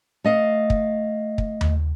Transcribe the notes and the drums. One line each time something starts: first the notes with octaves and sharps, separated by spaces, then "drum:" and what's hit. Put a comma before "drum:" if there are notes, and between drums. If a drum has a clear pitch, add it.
A3 D#5 F5
drum: kick
drum: kick
drum: tom D#2